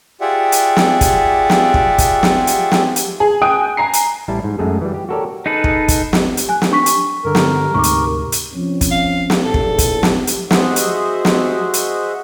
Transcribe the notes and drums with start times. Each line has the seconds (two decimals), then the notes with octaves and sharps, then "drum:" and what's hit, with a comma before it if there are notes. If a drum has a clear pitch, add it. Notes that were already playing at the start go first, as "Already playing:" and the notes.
0.21 F4 G4 G#4 D5 E5 F#5
0.52 drum: hi-hat
0.77 drum: snare
1.01 drum: kick, hi-hat
1.50 drum: snare
1.74 drum: kick
1.98 drum: kick, hi-hat
2.23 drum: snare
2.47 drum: hi-hat
2.72 drum: snare
2.96 drum: hi-hat
3.20 G#4
3.42 G5 G#5 D#6 F#6 D7
3.77 G#5 A#5 C7
3.93 drum: hi-hat
4.28 A1 G3 E4 A5
4.44 G#2
4.58 F#2 G#3 A3 G#4 A4
4.81 E3 G3
4.94 G4
5.09 F#4 G4 A4 A#4 C#5 D5
5.46 D#4 G#4 A4 B4
5.64 drum: kick
5.88 drum: kick, hi-hat
6.13 drum: snare
6.37 drum: hi-hat
6.49 G#5 F#6
6.62 drum: snare
6.71 D4 C#6 B6
6.86 drum: hi-hat
7.25 G2 D3 A#4
7.35 drum: snare
7.74 D2 G#2 C3 C#6 D6
7.83 drum: hi-hat
8.32 drum: hi-hat
8.53 F3 C4 C#4
8.81 drum: kick, hi-hat
8.91 F5
9.30 drum: snare
9.44 A#1 E2 A4
9.54 drum: kick
9.78 drum: kick, hi-hat
10.03 drum: snare
10.27 drum: hi-hat
10.51 F#4 G#4 C5 D#5 E5 F#5, drum: snare
10.76 drum: hi-hat
11.25 drum: snare
11.74 drum: hi-hat